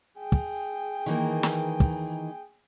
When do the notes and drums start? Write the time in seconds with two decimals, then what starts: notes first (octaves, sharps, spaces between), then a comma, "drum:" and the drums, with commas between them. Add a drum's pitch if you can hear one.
0.19 G#4 G5
0.32 drum: kick
1.06 D#3 E3 A#3
1.43 drum: snare
1.80 drum: kick